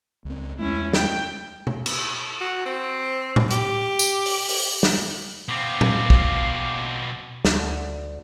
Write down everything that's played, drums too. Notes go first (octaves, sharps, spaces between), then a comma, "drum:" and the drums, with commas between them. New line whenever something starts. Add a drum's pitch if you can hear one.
C#2 C4
E2 G#3 A3 C#4 E4
G5, drum: snare
drum: tom
drum: cymbal
F#4
C4
drum: tom A2
G4, drum: hi-hat
drum: tambourine
drum: open hi-hat
drum: open hi-hat
drum: snare
B2 C4 F5 D6
drum: tom A#2
drum: kick
D2, drum: snare